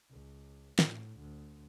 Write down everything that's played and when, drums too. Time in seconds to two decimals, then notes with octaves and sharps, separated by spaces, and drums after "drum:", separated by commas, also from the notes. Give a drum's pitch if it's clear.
0.11 C#2
0.79 A2, drum: snare
1.20 D2